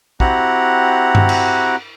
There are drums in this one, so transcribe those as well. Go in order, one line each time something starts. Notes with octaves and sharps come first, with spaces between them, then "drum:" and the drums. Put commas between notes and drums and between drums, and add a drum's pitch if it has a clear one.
C4 E4 F#4 G4 F#5 A#5, drum: kick
drum: tom G2
drum: cymbal